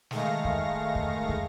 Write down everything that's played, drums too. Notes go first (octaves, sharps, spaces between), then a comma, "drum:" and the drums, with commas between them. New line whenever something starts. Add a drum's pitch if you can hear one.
D#3 G#3 A3 F5 C#6 A#6, drum: snare
drum: kick
drum: kick
drum: kick